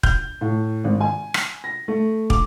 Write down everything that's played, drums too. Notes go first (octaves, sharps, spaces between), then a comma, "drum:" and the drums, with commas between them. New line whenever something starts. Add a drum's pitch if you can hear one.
G6, drum: kick
A2
G#1
G#5
drum: rim click
A#6
A3
D6, drum: kick